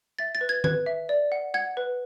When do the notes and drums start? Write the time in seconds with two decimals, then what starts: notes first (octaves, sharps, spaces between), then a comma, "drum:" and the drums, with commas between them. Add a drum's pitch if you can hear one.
0.19 E5 A6
0.35 A6
0.41 B4
0.49 G#6
0.64 B4 G#6, drum: tom D#3
0.86 E5
1.09 D5
1.32 F#5
1.54 F#5 G#6
1.77 B4